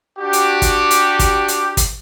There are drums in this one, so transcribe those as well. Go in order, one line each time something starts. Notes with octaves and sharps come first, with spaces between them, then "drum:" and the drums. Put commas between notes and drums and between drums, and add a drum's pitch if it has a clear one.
D4 F#4 G4
drum: hi-hat
drum: kick, hi-hat
drum: hi-hat
drum: kick, hi-hat
drum: hi-hat
drum: kick, hi-hat